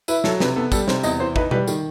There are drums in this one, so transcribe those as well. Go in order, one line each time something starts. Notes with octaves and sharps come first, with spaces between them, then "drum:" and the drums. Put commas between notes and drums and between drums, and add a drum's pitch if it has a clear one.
E4 B4, drum: tambourine
F#3 A4, drum: snare
C3 B4, drum: snare
B3 A4
G3 A4, drum: kick, tambourine
C3 C5, drum: snare
E2 D#5, drum: tambourine
E3 C5
D#4 B4, drum: kick
G3 B4, drum: tom B2
D#3, drum: tambourine